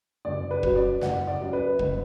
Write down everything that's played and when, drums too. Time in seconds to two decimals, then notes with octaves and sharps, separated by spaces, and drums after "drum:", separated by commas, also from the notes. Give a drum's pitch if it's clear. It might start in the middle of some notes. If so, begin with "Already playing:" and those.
0.25 F#1 D5
0.51 B4
0.63 F#2 F#3, drum: kick
0.76 D5
1.01 F#1 F#5, drum: snare
1.27 D5
1.41 F#2 F#3
1.53 B4
1.79 F#1, drum: kick